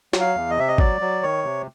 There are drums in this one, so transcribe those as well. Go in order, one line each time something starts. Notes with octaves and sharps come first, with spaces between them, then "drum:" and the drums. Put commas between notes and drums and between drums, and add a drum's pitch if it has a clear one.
F#3, drum: snare
F5
E2
D#5
C3 E5
D#5
F#3 D5, drum: kick
F#3
D#3 C#5
C3